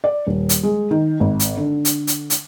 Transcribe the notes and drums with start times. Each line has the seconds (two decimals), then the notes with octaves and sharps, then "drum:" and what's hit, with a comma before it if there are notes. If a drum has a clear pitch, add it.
0.04 D5
0.27 D#1
0.49 drum: hi-hat
0.63 G#3
0.91 D#3
1.20 G#1
1.40 drum: hi-hat
1.57 D3
1.85 drum: hi-hat
2.07 drum: hi-hat
2.30 drum: hi-hat